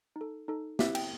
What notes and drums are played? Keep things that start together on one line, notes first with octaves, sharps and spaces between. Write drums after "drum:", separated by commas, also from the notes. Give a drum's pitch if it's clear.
D#4
A4
D#4 A4
C4 E4 G4 E5, drum: snare
G5, drum: cymbal